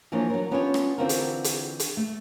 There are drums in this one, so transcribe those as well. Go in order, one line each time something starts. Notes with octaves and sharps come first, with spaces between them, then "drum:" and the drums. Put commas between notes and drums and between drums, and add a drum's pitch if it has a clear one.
E3 F3 A#3 D4 A#4 C#5
F#3 A#4
B3 C#4 D4 F4 G4 C#5
drum: rim click
D3 E3 C4 F4 F#4 A#4
drum: hi-hat
drum: hi-hat
drum: hi-hat
A3